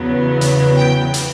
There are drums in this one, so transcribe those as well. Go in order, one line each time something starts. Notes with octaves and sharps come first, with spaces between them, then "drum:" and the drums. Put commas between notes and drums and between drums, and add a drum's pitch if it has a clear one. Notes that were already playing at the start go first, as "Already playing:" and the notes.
Already playing: E2 C#3 F#3 B3
drum: hi-hat
G5
drum: hi-hat